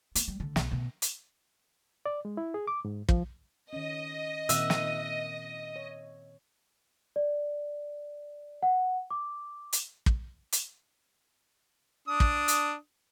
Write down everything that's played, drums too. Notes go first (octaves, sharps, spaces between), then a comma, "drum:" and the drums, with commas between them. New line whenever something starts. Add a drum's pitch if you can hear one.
B3, drum: hi-hat
G3
D3
B1, drum: snare
B2
drum: hi-hat
D5
G#3
E4
G#4
D6
G#2
F3, drum: kick
D#3 C#4 D#5
A#2 D#3 C4 E5 F#5, drum: hi-hat
drum: snare
C#5
D5
F#5
D6
drum: hi-hat
drum: kick
drum: hi-hat
D4 D#6
drum: kick
drum: hi-hat